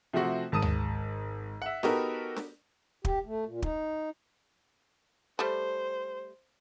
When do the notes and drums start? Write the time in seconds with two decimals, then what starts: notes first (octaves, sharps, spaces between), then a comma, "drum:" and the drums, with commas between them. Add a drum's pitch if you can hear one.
0.13 C3 F3 A3 C4 F#4 F#5
0.52 G#1 A5 D#6 D#7
0.62 drum: tom D2
1.62 E5 F#5
1.83 B3 D#4 F#4 G4 A4 A#4, drum: snare D4
2.36 drum: snare D4
3.05 G4, drum: kick
3.26 A3
3.46 A#2
3.62 D#4, drum: kick
5.39 G3 A3 C5